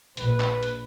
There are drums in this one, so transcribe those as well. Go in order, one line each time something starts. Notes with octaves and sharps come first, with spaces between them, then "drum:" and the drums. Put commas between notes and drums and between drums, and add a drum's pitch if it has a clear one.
A#1 B4, drum: hi-hat
drum: clap
drum: hi-hat